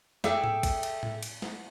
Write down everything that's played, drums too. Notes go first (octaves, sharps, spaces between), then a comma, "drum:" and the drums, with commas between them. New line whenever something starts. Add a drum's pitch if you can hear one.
G#4 A4 D5 E5 G5, drum: snare
drum: tom A2
drum: kick, cymbal
drum: cymbal
drum: tom A2
drum: cymbal
drum: snare